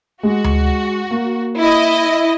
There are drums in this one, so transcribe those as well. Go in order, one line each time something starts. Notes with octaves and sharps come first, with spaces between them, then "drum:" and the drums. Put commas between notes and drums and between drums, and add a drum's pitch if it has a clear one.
G#3 F#4
drum: tom D2
A#3
E4 D#5